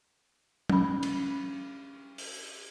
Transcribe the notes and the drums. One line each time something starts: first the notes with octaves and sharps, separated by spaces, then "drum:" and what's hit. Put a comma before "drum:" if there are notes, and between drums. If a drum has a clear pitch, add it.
C#4 B5, drum: tom
drum: cymbal
drum: open hi-hat